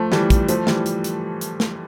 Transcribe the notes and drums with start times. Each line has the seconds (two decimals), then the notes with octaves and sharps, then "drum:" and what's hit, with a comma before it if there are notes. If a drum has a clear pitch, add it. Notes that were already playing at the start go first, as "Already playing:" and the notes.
Already playing: F3 A3
0.12 E3 G3, drum: snare
0.30 drum: kick, hi-hat
0.49 F3 A3, drum: hi-hat
0.67 E3 G3, drum: snare
0.86 drum: hi-hat
1.04 drum: hi-hat
1.41 drum: hi-hat
1.60 drum: snare